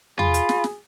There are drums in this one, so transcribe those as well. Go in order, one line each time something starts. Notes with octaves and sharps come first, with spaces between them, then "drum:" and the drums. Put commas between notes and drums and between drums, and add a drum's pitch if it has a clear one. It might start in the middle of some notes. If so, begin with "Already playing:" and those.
F4 G#4 B5, drum: tom E2
drum: hi-hat
drum: snare
drum: snare